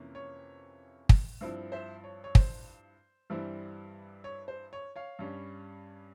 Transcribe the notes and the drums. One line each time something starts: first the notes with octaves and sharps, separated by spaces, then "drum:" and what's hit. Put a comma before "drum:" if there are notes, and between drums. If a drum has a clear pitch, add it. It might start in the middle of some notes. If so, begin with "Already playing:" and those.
Already playing: F2 C3 E3 A#3 C#4
C#5
drum: kick
G2 F3 C4 E4
C5 E5
C#5
C#5
C5, drum: kick
G2 E3 G3 C4 E4
C#5
C5
C#5
C#5 F5
G2 G3 C#4